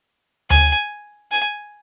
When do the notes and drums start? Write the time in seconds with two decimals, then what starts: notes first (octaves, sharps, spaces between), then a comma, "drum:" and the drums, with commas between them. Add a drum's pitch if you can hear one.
0.50 G#5, drum: tom D2
1.31 G#5